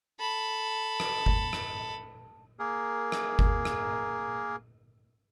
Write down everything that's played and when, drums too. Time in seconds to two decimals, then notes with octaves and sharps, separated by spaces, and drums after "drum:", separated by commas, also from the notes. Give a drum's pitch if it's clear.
0.20 A4 B5
1.00 drum: rim click
1.26 drum: kick G1
1.53 drum: rim click
2.59 A#3 G#4 A#4
3.12 drum: rim click
3.39 drum: kick G1
3.65 drum: rim click